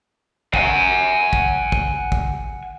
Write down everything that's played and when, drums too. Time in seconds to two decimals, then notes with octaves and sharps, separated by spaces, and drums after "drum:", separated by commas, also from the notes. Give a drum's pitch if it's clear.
0.54 F#5 G#5, drum: kick
1.33 drum: kick
1.72 drum: kick
2.12 drum: kick